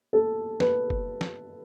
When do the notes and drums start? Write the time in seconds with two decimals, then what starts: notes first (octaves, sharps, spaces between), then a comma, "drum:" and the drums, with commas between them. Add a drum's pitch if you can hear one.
0.13 A4
0.60 B4, drum: snare
0.90 drum: kick
1.21 drum: snare